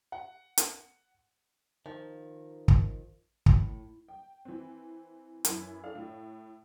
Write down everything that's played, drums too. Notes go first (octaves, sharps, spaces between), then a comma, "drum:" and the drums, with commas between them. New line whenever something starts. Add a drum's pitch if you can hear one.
F#5
drum: hi-hat
D#3 F3
drum: kick
A2, drum: kick
G5
E3 C4
F#2 E3 E4, drum: hi-hat
D4 A4 F5
A2